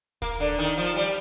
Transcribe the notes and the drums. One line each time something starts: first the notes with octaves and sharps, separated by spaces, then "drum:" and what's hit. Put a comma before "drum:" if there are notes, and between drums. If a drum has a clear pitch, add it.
A#3, drum: kick D#1
D3
D#3
F3
G3